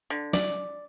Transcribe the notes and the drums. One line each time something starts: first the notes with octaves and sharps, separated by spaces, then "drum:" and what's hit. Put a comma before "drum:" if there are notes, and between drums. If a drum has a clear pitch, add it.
D3
D5, drum: snare